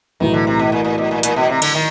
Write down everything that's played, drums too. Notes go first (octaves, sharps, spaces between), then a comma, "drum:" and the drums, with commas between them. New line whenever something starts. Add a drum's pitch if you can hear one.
B1 A2 D#3 E3
D3
C3
B2
A#2
A#2
B2
A#2
A#2, drum: hi-hat
B2
C3
D3, drum: cymbal
D#3